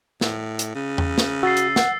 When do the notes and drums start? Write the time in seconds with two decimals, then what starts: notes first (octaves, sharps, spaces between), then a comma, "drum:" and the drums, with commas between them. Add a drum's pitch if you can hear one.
0.21 A2, drum: snare
0.59 drum: hi-hat
0.75 C#3
0.98 drum: tom E2
1.18 drum: snare
1.43 F#4 E6 A6 C7
1.57 drum: hi-hat
1.76 F#5, drum: snare